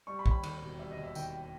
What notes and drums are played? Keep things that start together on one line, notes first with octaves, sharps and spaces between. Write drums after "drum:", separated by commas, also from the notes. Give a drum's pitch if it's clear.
G3 C#6
B5
D#2, drum: kick
B5
D#3, drum: cymbal
E1
G3 E5
D#5
D#2
E5
D#3 G5, drum: tambourine